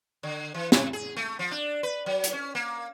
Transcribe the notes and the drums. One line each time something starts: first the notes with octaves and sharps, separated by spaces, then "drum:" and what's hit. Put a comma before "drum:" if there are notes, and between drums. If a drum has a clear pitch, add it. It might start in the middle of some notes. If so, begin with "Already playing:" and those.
D3
E3
C3, drum: snare
G#4
A3
F3
D4
B4
F#3
drum: hi-hat
C#4
A#3